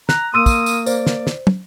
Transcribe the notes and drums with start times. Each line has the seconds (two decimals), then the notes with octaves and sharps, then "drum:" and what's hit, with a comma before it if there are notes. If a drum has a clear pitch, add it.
0.09 A#5 F#6, drum: snare
0.34 A#3 C6 D#6 E6 D#7
0.46 drum: kick, tambourine
0.66 drum: tambourine
0.86 C5 D5, drum: tambourine
1.07 drum: snare
1.27 drum: snare
1.47 drum: tom